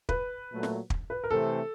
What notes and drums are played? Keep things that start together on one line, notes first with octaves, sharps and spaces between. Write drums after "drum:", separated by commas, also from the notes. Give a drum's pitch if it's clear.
B4, drum: kick
A#2 F#3 A3
drum: snare
drum: kick
B4
A#4
C3 E3 A3 C4 A4